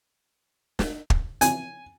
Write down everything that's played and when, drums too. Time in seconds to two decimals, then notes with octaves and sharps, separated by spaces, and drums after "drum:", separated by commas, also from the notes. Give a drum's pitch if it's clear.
0.79 drum: snare
1.10 drum: kick
1.41 G#5, drum: hi-hat